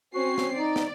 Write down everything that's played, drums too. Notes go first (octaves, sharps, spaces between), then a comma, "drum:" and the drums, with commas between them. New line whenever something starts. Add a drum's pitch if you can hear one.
C4 C#4 F#4 C7
drum: snare
D#4 D5
drum: snare